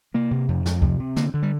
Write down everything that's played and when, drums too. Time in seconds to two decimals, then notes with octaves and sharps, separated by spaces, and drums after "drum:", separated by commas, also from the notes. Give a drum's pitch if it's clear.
0.14 C3 A#3
0.31 C3
0.48 F2
0.66 F2, drum: snare
0.82 C3, drum: kick
1.00 C3
1.16 D3 A#3, drum: snare
1.34 D3
1.43 G3